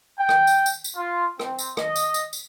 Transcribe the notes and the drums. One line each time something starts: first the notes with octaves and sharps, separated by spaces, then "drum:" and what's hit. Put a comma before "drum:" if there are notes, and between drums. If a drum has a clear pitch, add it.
G5
drum: rim click
drum: tambourine
drum: tambourine
drum: tambourine
F4
C4, drum: rim click
drum: tambourine
D#5, drum: rim click
drum: tambourine
drum: tambourine
drum: tambourine